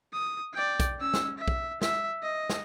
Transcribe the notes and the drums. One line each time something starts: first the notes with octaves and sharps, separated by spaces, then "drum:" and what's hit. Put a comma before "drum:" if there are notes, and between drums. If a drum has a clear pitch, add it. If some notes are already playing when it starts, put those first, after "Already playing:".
D#6
D5 G5
drum: kick B1, hi-hat
C#4 E6
drum: snare
E5
drum: kick B1
E5, drum: snare
D#5
drum: snare